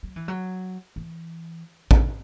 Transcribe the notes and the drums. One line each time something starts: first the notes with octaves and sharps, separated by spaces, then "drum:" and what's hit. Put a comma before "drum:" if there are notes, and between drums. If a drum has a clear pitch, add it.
F#3
E3
F#3
E3
D3, drum: kick A1